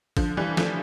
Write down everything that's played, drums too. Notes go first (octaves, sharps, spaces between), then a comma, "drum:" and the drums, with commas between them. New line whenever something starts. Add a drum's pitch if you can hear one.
D3 F3, drum: kick G#1, open hi-hat
E3 G3
F3 A3, drum: snare